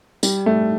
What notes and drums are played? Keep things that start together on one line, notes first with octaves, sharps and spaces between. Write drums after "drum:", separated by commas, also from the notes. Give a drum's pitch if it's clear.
G3, drum: tambourine
A3